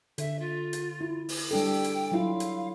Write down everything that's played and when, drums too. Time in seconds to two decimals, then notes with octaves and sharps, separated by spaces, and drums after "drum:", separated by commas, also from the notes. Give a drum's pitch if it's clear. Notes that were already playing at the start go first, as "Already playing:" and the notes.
0.18 D3 E5, drum: hi-hat
0.39 F4
0.73 drum: hi-hat
1.01 E4
1.29 drum: open hi-hat
1.51 G3 D4 A4 G5
1.84 drum: hi-hat
2.12 F#3 E4 F4 F5
2.40 drum: hi-hat